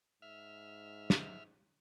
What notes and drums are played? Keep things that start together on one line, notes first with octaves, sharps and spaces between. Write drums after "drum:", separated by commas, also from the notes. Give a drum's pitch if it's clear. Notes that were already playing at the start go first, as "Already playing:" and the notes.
G#2 E5 F6
drum: snare